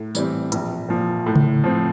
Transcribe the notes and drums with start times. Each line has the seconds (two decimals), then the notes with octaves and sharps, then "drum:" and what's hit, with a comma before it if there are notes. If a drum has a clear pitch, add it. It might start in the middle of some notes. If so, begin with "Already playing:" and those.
Already playing: A2
0.15 E3 G3 C4, drum: tambourine
0.52 A#1, drum: hi-hat
0.89 A#2 F3
1.26 A2
1.36 drum: tom C#3
1.64 F3 C4